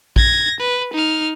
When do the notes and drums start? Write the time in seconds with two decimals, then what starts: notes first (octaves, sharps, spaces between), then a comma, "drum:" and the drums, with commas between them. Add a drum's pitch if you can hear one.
0.16 G#6 A#6, drum: kick A1
0.61 B4
0.94 D#4 F6